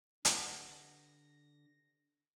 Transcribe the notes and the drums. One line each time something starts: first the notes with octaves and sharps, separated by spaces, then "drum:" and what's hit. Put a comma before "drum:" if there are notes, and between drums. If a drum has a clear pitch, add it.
D3 G4 B4 F#5 A#6, drum: hi-hat